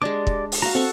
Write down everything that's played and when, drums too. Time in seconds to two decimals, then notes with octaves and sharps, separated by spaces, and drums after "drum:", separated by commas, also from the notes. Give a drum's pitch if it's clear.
0.02 G#3 D4 G4 D5 D6
0.27 drum: kick
0.52 drum: open hi-hat
0.62 F#4 F5 A#5
0.75 C4 A4 F#5 C#6